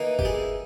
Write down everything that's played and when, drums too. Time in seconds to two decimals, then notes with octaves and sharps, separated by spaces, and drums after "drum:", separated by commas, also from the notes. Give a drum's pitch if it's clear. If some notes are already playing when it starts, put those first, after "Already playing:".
Already playing: E3 A#3 D#4
0.19 G4, drum: kick F#1
0.25 E4 G#4